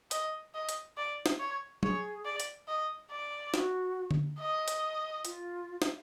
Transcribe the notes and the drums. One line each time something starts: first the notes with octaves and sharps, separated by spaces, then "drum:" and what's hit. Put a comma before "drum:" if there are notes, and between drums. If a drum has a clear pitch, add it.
D#5, drum: hi-hat
D#5
drum: hi-hat
D5
drum: snare
C#5
G#4 C#5, drum: tom
D5
drum: hi-hat
D#5
D5
F#4, drum: snare
drum: tom D3
D#5
drum: hi-hat
F4, drum: hi-hat
drum: snare